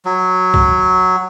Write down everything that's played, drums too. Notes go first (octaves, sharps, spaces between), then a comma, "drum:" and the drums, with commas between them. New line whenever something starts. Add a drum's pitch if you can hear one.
F#3
drum: kick